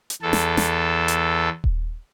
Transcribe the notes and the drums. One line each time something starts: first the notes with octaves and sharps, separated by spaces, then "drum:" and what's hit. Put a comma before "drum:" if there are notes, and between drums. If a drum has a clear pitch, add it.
drum: hi-hat
E2 A4
drum: snare
drum: snare
drum: hi-hat
drum: kick D#1